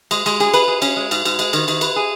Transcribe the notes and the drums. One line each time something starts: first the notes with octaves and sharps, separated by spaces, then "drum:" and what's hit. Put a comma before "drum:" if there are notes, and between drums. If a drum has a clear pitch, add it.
G#3, drum: cymbal
G#3, drum: cymbal
G#4, drum: cymbal
B4, drum: cymbal
G#4
C#4, drum: cymbal
G#3
G#2, drum: cymbal
G#2, drum: cymbal
G#3, drum: cymbal
D#3, drum: cymbal
D#3, drum: cymbal
B4, drum: cymbal
G#4